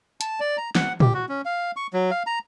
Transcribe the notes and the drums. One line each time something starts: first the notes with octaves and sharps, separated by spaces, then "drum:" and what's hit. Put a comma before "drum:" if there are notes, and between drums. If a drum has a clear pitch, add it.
A5, drum: hi-hat
D5
A#5
F#5, drum: snare
G4, drum: tom A2
F#4
C#4
F5
C#6
F#3
F5
A#5